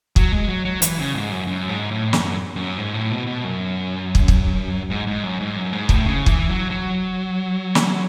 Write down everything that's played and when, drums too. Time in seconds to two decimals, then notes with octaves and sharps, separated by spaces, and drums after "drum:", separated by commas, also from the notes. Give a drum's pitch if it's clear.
0.16 F#3, drum: kick
0.32 G#3
0.49 F#3
0.65 F#3
0.82 E3, drum: hi-hat
0.98 C#3
1.14 G#2
1.31 F#2
1.47 F#2
1.69 G#2
1.91 A2
2.13 F#2, drum: snare
2.56 F#2
2.78 G#2
2.94 A2
3.11 B2
3.27 B2
3.44 F#2
4.15 drum: kick
4.28 drum: kick
4.90 G#2
5.07 G#2
5.23 F#2
5.40 G#2
5.56 F#2
5.73 G#2
5.89 A2, drum: kick
6.06 C#3
6.26 E3, drum: kick
6.49 F#3
6.71 F#3
7.75 drum: snare